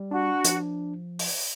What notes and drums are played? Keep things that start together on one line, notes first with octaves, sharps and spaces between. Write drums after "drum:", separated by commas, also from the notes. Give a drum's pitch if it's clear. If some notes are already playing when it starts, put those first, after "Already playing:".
Already playing: G3
D4 F#4
F3, drum: hi-hat
drum: open hi-hat